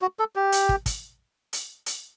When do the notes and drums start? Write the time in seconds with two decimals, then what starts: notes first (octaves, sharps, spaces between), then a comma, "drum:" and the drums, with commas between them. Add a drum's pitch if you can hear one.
0.02 F#4
0.19 A4
0.36 G4
0.52 drum: hi-hat
0.69 drum: kick
0.86 drum: kick, hi-hat
1.53 drum: hi-hat
1.86 drum: hi-hat